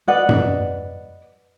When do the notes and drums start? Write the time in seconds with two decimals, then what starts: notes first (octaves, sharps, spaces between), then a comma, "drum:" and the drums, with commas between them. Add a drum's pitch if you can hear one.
0.08 B4 D5 D#5 F#5
0.29 drum: tom F#2